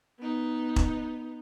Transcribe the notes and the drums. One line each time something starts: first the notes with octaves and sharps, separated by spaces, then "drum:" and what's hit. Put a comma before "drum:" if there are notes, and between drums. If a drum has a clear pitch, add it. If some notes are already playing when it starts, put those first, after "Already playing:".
B3 D#4
drum: kick E1